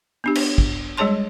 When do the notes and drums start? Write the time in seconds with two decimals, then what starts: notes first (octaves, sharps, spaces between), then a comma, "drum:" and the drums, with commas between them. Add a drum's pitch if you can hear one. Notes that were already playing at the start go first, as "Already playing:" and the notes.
0.24 B3 D4 G4
0.35 drum: cymbal
0.58 drum: kick
0.97 G3 G#3 G#4 C#5 A5 C6